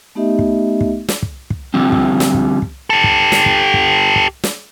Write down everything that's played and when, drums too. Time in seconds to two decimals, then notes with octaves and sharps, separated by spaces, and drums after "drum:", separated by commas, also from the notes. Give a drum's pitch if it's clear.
0.15 A3 B3 D#4 G4 D#5 E5
0.39 drum: kick
0.81 drum: kick
1.09 drum: snare
1.22 drum: kick
1.50 drum: kick
1.74 D3 F3 G3 C4
1.92 drum: kick
2.20 drum: snare
2.34 drum: kick
2.62 drum: kick
2.90 G4 A4
3.04 drum: kick
3.32 drum: snare
3.46 drum: kick
3.74 drum: kick
4.16 drum: kick
4.44 drum: snare